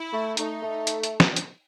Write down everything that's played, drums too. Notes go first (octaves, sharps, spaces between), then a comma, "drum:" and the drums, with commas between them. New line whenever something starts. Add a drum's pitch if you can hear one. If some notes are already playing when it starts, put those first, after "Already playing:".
Already playing: E4
A3
A3 D#4, drum: hi-hat
A3
drum: hi-hat
drum: hi-hat
drum: snare
drum: hi-hat